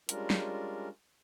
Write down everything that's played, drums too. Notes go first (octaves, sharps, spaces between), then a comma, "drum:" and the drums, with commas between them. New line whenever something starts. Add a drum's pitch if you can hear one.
G3 G#3 C#4 D4 F4 A#4, drum: hi-hat
drum: snare